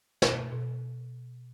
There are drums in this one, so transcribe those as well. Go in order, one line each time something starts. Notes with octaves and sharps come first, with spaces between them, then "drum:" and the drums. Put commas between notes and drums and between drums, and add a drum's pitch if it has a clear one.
B2, drum: snare
B2